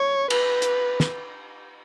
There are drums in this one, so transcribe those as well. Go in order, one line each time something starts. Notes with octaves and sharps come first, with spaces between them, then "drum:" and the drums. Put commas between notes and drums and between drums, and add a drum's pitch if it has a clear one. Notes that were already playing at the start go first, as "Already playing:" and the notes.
Already playing: C#5
B4, drum: cymbal
drum: hi-hat
drum: snare